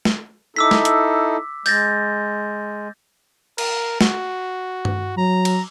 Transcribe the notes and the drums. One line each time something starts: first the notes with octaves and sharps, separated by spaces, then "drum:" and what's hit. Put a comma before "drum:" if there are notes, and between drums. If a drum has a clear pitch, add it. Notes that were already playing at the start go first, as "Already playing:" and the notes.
drum: snare
D#4 E4 A4 D6 E6 B6
drum: snare
drum: hi-hat
G#3 G6 A6 A#6, drum: open hi-hat
A#4, drum: cymbal
F#4, drum: snare
drum: tom G2
F#3 A#5
drum: cymbal